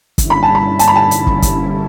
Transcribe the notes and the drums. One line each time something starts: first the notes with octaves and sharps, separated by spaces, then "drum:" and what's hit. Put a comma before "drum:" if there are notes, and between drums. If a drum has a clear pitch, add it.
G2 D3 G3 C#4 E4, drum: kick, hi-hat
B5
A5
B5
A5, drum: hi-hat
B5
A5
drum: hi-hat
drum: kick
drum: kick, hi-hat